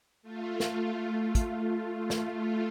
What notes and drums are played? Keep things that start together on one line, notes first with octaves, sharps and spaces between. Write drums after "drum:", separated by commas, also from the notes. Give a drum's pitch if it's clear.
A3 F4
drum: snare
drum: kick, hi-hat
drum: snare